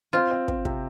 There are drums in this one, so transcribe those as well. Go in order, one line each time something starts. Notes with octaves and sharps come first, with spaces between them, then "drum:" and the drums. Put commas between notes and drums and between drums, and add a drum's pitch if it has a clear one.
C4 F4
C4
C4, drum: kick
C3, drum: kick